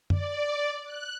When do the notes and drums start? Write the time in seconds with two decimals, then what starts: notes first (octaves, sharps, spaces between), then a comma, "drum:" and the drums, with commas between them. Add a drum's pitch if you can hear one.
0.10 D5, drum: tom F#2
0.84 F#6